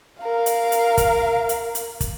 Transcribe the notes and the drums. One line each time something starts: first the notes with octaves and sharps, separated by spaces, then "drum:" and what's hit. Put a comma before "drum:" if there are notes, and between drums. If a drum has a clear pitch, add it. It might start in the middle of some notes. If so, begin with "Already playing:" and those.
A#4 F5
drum: hi-hat
drum: hi-hat
drum: kick, hi-hat
drum: hi-hat
drum: hi-hat
drum: kick, hi-hat